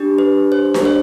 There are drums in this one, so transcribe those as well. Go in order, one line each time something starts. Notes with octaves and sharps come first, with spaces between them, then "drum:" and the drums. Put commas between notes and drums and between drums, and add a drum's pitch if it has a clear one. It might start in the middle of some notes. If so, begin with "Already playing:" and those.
Already playing: D4 G4
B4
C5
drum: snare D4
C5